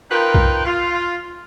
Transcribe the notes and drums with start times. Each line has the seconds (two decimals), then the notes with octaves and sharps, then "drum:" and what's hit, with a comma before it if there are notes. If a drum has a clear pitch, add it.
0.11 D#4 F4 A#4 B4 G5
0.34 drum: kick
0.65 F4